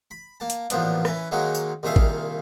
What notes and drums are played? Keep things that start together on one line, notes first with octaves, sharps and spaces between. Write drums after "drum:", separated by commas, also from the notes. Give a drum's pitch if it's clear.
B5
A#3 A5
drum: hi-hat
A1 A#2 F3 B3 D4, drum: hi-hat
E3 C#4 B4, drum: rim click
D#3 F#3 G#3 A#3 C#4 F#4
drum: tambourine
C2 A#2 D#3 G#4 E5 F5
drum: kick